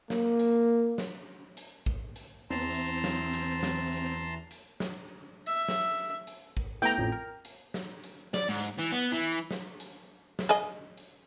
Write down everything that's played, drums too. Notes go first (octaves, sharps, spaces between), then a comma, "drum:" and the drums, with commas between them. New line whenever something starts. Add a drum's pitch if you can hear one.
A#3, drum: snare
drum: hi-hat
drum: snare
drum: hi-hat
drum: kick A1
drum: hi-hat
E2 E3 C4 A5 A#5 C6
drum: hi-hat
drum: snare
drum: hi-hat
drum: snare
drum: hi-hat
drum: hi-hat
drum: snare
E5
drum: snare
drum: hi-hat
drum: kick A1
A3 B3 E4 G5 A#5
A1 F2 A2
A#4
drum: hi-hat
drum: snare
drum: hi-hat
D5, drum: snare
G#2
drum: hi-hat
E3
B3
E3
drum: hi-hat
drum: snare
drum: hi-hat
drum: snare
G#4 D#5
drum: hi-hat